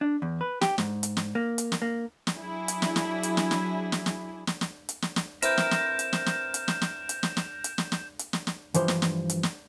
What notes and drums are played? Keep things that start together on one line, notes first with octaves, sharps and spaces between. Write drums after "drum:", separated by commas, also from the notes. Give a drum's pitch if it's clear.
D4
E2
B4
G4, drum: snare
G#2, drum: snare
drum: hi-hat
drum: snare
A#3
drum: hi-hat
drum: snare
A#3
drum: snare
F#3 D4 E4 G#4
drum: hi-hat
drum: snare
drum: snare
drum: hi-hat
drum: snare
drum: snare
drum: snare
drum: snare
drum: snare
drum: snare
drum: hi-hat
drum: snare
drum: snare
C4 E4 A#4 B4 G6 E7, drum: hi-hat
drum: snare
drum: snare
drum: hi-hat
drum: snare
drum: snare
drum: hi-hat
drum: snare
drum: snare
drum: hi-hat
drum: snare
drum: snare
drum: hi-hat
drum: snare
drum: snare
drum: hi-hat
drum: snare
drum: snare
G2 E3 F3 C5, drum: hi-hat
drum: snare
drum: snare
drum: hi-hat
drum: snare